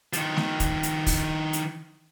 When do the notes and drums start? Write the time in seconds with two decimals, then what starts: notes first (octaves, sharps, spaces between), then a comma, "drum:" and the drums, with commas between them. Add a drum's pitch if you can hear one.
0.13 D#3 F3, drum: hi-hat
0.37 drum: snare A3
0.60 drum: kick, hi-hat
0.83 drum: hi-hat
1.07 drum: kick, open hi-hat
1.53 drum: hi-hat